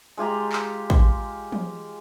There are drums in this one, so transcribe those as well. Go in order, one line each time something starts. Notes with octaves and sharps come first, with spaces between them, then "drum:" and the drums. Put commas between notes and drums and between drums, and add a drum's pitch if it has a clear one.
G#3 F4 G4 A#5
drum: clap
drum: kick
drum: tom